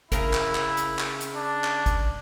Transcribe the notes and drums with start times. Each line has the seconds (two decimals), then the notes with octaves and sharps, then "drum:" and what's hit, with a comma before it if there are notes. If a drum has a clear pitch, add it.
0.12 C#3 E4 A#4, drum: kick G#1, hi-hat
0.33 drum: clap
0.55 drum: clap
0.77 drum: hi-hat
0.99 drum: clap
1.21 drum: hi-hat
1.36 D4
1.64 drum: clap
1.86 drum: kick G#1, hi-hat